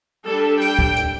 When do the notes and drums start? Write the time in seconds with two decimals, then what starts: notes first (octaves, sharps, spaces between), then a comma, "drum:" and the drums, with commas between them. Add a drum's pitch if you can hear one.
0.26 G3 D4 A4
0.61 G5, drum: open hi-hat
0.79 drum: kick
0.96 drum: hi-hat